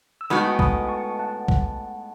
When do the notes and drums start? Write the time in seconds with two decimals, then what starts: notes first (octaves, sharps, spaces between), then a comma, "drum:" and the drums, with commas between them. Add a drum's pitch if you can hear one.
0.21 E6
0.30 A2 G#3 B3 D#4 F#4 B5 D#6
0.59 B5 D#6, drum: kick
0.89 A5 C#6
1.19 F#5 A5
1.48 drum: kick